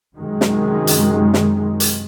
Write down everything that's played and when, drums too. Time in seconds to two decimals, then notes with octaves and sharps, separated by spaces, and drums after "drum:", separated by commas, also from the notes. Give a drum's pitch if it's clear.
0.18 F#2 C3 D#3 G#3
0.41 drum: snare
0.87 drum: hi-hat
1.34 drum: snare
1.80 drum: hi-hat